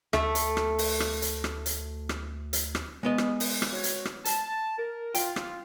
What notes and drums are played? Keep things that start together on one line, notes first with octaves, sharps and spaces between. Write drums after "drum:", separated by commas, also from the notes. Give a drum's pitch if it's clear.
D2 A3, drum: rim click
drum: hi-hat
drum: rim click
drum: open hi-hat
drum: rim click
drum: hi-hat
drum: rim click
drum: hi-hat
drum: rim click
drum: hi-hat
drum: rim click
G#3 B3 D#5
drum: rim click
drum: open hi-hat
drum: rim click
C4 F#4 C#5
drum: hi-hat
drum: rim click
A5, drum: hi-hat
A#4
F4 G5, drum: hi-hat
drum: rim click